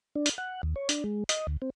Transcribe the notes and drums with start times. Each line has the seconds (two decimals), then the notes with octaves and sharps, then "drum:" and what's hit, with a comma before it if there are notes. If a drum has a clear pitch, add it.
0.15 D4
0.26 drum: hi-hat
0.38 F#5
0.63 D#2
0.76 C#5
0.89 D4, drum: hi-hat
1.04 G#3
1.29 D#5, drum: hi-hat
1.47 D2
1.62 C4